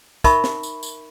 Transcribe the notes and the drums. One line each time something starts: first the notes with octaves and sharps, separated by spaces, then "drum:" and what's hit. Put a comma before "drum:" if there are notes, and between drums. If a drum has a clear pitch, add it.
D#4 A#4 E5 A5 B5 C#6, drum: kick, tambourine
drum: snare
drum: tambourine
drum: tambourine